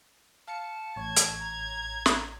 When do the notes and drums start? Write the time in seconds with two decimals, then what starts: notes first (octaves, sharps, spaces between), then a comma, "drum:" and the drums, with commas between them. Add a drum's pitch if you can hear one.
0.48 F5 A5 C#7
0.96 A1 C#5 G#6
1.16 drum: hi-hat
1.40 A#5
2.06 drum: snare